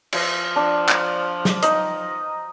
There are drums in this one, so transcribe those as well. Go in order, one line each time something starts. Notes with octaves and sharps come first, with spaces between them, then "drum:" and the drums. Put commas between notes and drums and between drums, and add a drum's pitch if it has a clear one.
F3, drum: cymbal
D4
drum: clap
drum: snare
D#4 D#5, drum: hi-hat